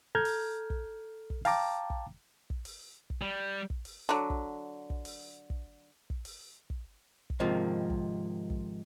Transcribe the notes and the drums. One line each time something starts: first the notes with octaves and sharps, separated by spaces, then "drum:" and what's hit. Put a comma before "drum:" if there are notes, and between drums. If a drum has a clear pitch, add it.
A4 A#5 F6 G6 G#6
drum: open hi-hat
drum: kick
drum: kick
F5 G5 A5 A#5 D6, drum: open hi-hat
drum: kick
drum: kick
drum: open hi-hat
drum: kick
G3
drum: kick
drum: open hi-hat
D3 F#3
drum: kick
drum: kick
drum: open hi-hat
drum: kick
drum: kick
drum: open hi-hat
drum: kick
drum: kick
G#2 C3 D#3 F3 A#3
drum: kick
drum: kick